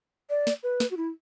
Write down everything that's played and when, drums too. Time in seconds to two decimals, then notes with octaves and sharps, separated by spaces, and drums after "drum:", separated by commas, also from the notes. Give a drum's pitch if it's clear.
0.30 D5
0.47 drum: snare
0.63 B4
0.80 drum: snare
0.91 F#4
0.97 E4